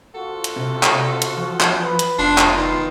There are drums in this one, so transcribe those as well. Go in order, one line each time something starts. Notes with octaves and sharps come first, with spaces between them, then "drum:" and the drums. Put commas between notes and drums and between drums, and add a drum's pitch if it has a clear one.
C4 F4 F#4 A4
drum: hi-hat
C3
drum: clap
drum: hi-hat
F3
drum: clap
B4
drum: hi-hat
F1 B3 D4 F4
drum: clap
D#3